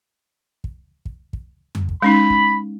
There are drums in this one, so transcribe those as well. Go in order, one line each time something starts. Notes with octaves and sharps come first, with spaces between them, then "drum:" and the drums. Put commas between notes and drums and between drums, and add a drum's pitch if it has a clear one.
drum: kick
drum: kick
drum: kick
drum: tom F2
drum: kick
G#3 C#4 D#4 B5
drum: kick